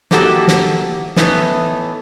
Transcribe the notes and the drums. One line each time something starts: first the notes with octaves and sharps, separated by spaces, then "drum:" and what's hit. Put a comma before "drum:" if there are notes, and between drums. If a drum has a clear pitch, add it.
A#3 D#4 E4 F#4 G4 A4, drum: snare
drum: snare
A2 E3 A3 B3 D#4, drum: snare